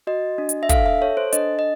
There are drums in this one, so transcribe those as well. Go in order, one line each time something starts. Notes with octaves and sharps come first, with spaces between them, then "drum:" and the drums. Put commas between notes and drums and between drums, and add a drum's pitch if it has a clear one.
F#4 D#5
D4
drum: hi-hat
E5
A4 F5, drum: kick, hi-hat
E5
A4 C#5
C5
D4 D#5, drum: hi-hat
D#5